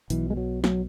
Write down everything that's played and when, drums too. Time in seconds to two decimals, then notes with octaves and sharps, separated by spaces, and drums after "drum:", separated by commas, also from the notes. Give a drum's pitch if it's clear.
0.10 B1 B2 E3, drum: hi-hat
0.30 G#3
0.37 F#3
0.64 F#3, drum: snare